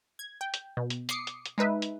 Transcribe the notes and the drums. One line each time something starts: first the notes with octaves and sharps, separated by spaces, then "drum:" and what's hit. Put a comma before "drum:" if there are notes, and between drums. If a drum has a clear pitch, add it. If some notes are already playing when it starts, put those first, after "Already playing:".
G#6
G5
drum: hi-hat
B2
drum: hi-hat
D6 D#6 C7 C#7, drum: hi-hat
drum: hi-hat
drum: hi-hat
G#3 D#4 B4 E5
drum: hi-hat